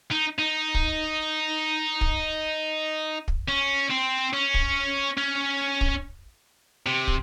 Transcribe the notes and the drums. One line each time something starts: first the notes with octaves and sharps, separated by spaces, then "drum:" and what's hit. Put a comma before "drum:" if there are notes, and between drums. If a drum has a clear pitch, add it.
D#4
D#4
drum: kick
drum: kick
drum: kick
C#4
C4
C#4
drum: kick
C#4
drum: kick
C3
drum: kick